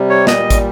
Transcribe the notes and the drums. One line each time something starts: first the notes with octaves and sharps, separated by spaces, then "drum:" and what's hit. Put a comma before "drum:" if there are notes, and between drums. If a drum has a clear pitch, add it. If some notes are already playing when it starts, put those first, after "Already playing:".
Already playing: C3 G3
C#5
A#2 G3 D#5, drum: snare
drum: kick, hi-hat